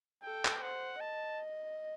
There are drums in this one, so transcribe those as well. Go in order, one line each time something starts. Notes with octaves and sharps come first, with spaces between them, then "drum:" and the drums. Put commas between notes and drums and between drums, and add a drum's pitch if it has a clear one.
A4 G5
drum: clap
C5 F#5
D#5 A5